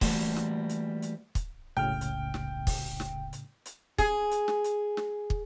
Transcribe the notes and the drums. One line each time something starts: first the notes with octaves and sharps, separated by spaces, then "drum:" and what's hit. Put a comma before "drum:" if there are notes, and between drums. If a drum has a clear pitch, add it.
E3 G3 A3 A#3 F#4 C5, drum: kick, open hi-hat
drum: snare
drum: hi-hat
drum: hi-hat
drum: kick, hi-hat
E1 C2 A2 C#3 G5 F6
drum: hi-hat
drum: snare
drum: kick, open hi-hat
drum: snare
drum: hi-hat
drum: hi-hat
G#4, drum: kick, hi-hat
drum: hi-hat
drum: snare
drum: hi-hat
drum: snare
drum: kick